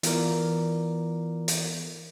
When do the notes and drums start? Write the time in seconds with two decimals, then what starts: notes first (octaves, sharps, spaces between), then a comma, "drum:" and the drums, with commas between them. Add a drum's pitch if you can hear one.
0.03 E3 B3 F4 A#4 D5, drum: hi-hat
1.48 drum: hi-hat